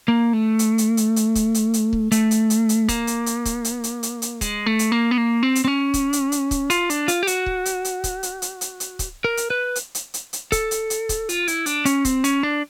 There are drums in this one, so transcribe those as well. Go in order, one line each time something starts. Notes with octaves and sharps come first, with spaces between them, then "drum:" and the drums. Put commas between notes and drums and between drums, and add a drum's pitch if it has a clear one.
A#3
A3
drum: hi-hat
drum: hi-hat
drum: hi-hat
drum: hi-hat
drum: kick C#1, hi-hat
drum: hi-hat
drum: hi-hat
drum: kick C#1
A3, drum: hi-hat
drum: hi-hat
drum: hi-hat
drum: hi-hat
A#3, drum: kick C#1, hi-hat
drum: hi-hat
drum: hi-hat
drum: kick C#1, hi-hat
drum: hi-hat
drum: hi-hat
drum: hi-hat
drum: hi-hat
G#3, drum: kick C#1, hi-hat
A3
drum: hi-hat
A#3
B3
A#3
C4
drum: hi-hat
C4
C#4
drum: kick C#1, hi-hat
drum: hi-hat
drum: hi-hat
drum: kick C#1, hi-hat
F4, drum: hi-hat
D4, drum: hi-hat
F4, drum: hi-hat
G4
F#4, drum: hi-hat
drum: kick C#1
drum: hi-hat
drum: hi-hat
drum: kick C#1, hi-hat
drum: hi-hat
drum: hi-hat
drum: hi-hat
drum: hi-hat
drum: kick C#1, hi-hat
A#4
drum: hi-hat
B4
drum: hi-hat
drum: hi-hat
drum: hi-hat
drum: hi-hat
A4, drum: kick C#1, hi-hat
drum: hi-hat
drum: hi-hat
drum: kick C#1, hi-hat
F4, drum: hi-hat
E4, drum: hi-hat
D4, drum: hi-hat
C#4, drum: hi-hat
C4, drum: kick C#1, hi-hat
C#4, drum: hi-hat
D4